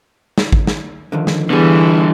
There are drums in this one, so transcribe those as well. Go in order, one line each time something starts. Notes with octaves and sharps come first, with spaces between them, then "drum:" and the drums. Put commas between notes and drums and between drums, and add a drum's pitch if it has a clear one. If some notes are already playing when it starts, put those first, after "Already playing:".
drum: snare
drum: kick G#1
drum: snare
D3 D#3 F3
drum: snare
D3 E3 G3 B3 G#4